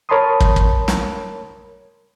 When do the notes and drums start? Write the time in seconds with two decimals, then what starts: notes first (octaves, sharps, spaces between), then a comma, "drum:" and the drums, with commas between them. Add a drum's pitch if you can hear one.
0.09 A#4 C#5 A5 B5 C6 D#6
0.40 drum: kick
0.56 drum: kick
0.88 drum: snare